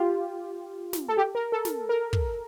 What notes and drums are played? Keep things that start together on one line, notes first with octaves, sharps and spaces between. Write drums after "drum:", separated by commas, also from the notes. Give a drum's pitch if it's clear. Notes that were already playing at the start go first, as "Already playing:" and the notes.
Already playing: F4 G4
drum: snare
A4
G4
A#4
A4
drum: snare
A#4
drum: kick